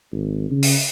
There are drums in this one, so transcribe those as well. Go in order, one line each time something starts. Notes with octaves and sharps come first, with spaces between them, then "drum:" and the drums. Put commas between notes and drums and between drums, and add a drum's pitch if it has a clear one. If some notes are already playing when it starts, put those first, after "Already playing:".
G#1
C#3
drum: open hi-hat